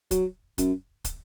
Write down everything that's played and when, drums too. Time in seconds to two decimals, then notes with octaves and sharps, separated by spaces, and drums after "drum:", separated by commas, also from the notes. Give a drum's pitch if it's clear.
0.11 F#3, drum: kick, hi-hat
0.58 F#2, drum: kick, hi-hat
1.04 drum: kick, hi-hat